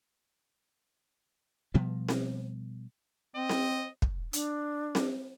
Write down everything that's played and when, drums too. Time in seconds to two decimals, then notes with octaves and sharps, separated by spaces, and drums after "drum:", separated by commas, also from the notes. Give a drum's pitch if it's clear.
1.74 B2 F3 G3 B3
2.09 drum: snare C4
3.36 C4 D#5
3.49 drum: snare C4
4.02 drum: kick
4.33 D4, drum: hi-hat
4.95 drum: snare C4